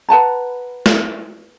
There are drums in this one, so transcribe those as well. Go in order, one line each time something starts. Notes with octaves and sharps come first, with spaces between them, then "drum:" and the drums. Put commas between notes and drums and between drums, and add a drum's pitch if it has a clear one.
B4 F#5 A5 A#5
drum: snare